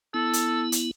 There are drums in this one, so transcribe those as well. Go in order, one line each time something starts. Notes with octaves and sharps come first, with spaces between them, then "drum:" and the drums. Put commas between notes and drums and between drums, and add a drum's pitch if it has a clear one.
B3 E4 A4
drum: hi-hat
drum: hi-hat